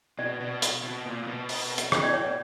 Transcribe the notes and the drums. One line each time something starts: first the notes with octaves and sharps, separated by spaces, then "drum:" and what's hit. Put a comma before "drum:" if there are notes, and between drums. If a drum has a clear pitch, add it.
B2 D5
B2
drum: hi-hat
B2
A#2
A#2
B2
drum: open hi-hat
drum: hi-hat
C#5, drum: rim click
D5
C#5
C#5